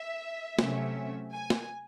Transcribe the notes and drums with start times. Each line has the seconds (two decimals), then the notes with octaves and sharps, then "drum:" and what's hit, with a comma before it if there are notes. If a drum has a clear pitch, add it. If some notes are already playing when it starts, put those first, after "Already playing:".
Already playing: E5
0.59 C3 F#3 A3 C#4, drum: snare
1.32 G#5
1.50 drum: snare